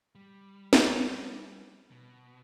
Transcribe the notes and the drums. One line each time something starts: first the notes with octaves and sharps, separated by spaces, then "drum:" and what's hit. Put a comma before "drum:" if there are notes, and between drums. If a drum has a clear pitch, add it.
G3
drum: snare
B2